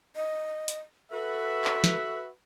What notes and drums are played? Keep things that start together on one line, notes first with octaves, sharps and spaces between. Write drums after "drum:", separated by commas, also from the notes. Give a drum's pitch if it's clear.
D#5
drum: hi-hat
F#4 A4 B4 E5
drum: clap
drum: snare